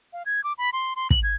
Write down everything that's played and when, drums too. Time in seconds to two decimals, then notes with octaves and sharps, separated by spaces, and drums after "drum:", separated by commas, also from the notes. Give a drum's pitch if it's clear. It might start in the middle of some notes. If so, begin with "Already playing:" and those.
0.13 F5
0.26 G#6
0.44 D6
0.58 B5
0.73 C6
0.96 C6
1.10 F#7, drum: kick
1.23 G#6